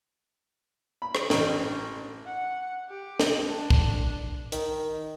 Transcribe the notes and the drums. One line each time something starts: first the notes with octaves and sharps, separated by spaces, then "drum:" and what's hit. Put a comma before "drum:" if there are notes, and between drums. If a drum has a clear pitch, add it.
B5
drum: rim click
A1, drum: snare
F#5
G4
drum: snare
D4
drum: kick
D#3, drum: hi-hat